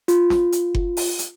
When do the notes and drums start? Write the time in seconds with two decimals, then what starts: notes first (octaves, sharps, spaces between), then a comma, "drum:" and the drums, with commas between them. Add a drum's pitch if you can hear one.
0.08 F4, drum: hi-hat
0.30 drum: snare
0.52 drum: hi-hat
0.75 drum: kick F#1
0.97 drum: open hi-hat
1.19 drum: hi-hat